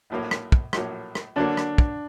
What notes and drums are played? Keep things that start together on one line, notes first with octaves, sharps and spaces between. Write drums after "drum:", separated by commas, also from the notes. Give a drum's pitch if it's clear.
A#1 A2 F#3 A#3
drum: rim click
drum: kick
A#1 A2 F#3 A#3, drum: rim click
drum: rim click
D3 F#3 A#3 D4
drum: rim click
drum: kick